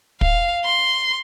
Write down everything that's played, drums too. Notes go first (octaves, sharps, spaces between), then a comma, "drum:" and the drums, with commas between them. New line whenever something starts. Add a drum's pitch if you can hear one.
F5, drum: kick
C6